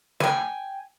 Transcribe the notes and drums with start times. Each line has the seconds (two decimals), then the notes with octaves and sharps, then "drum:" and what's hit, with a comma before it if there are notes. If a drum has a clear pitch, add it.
0.20 G5 G#5, drum: snare